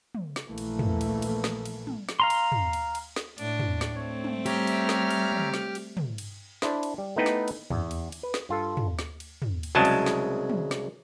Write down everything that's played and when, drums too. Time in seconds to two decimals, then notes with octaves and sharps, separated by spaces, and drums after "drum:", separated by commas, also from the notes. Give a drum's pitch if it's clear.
0.15 drum: tom
0.36 drum: snare
0.48 A#1 A#2 E3 A3 A#3
0.58 drum: cymbal
0.79 drum: tom
1.01 drum: cymbal
1.22 drum: cymbal
1.44 drum: snare
1.65 drum: cymbal
1.87 drum: tom
2.09 drum: snare
2.20 F5 A#5 C6
2.30 drum: cymbal
2.52 drum: tom
2.73 drum: cymbal
2.95 drum: cymbal
3.16 drum: snare
3.38 A2 D4, drum: cymbal
3.60 drum: tom
3.81 drum: snare
3.95 A3 C4 C#5
4.24 drum: tom
4.46 G3 G4 C#5 E5 A#5 F6, drum: cymbal
4.67 drum: cymbal
4.89 drum: snare
5.10 drum: cymbal
5.32 drum: tom
5.54 drum: snare
5.75 drum: cymbal
5.97 drum: tom
6.18 drum: cymbal
6.62 D4 E4 C5, drum: snare
6.83 drum: cymbal
6.98 G3
7.16 A3 B3 D#4 E4 B4 G5
7.26 drum: snare
7.48 drum: cymbal
7.70 E2, drum: tom
7.91 drum: cymbal
8.12 drum: cymbal
8.23 B4
8.34 drum: snare
8.49 G2 F4 A4
8.77 drum: tom
8.99 drum: snare
9.20 drum: cymbal
9.42 drum: tom
9.63 drum: cymbal
9.75 C2 C#3 F#3 G#3 A5
9.85 drum: cymbal
10.06 drum: snare
10.50 drum: tom
10.71 drum: snare